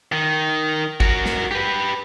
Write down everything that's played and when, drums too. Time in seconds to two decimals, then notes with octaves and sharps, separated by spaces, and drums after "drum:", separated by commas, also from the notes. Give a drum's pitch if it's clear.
0.13 D#3
1.00 F#4 A#4, drum: kick G#1
1.26 drum: snare
1.51 G4 B4